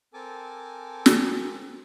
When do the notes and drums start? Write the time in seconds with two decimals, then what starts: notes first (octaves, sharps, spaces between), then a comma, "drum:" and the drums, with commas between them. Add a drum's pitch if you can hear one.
0.14 C4 A4 A#4 G#5 A5 D6
1.06 drum: snare